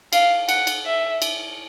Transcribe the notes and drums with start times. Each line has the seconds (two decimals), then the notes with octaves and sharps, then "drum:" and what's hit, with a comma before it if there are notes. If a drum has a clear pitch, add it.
0.13 F5, drum: cymbal
0.49 F#5, drum: cymbal
0.67 drum: cymbal
0.86 E5
1.22 drum: cymbal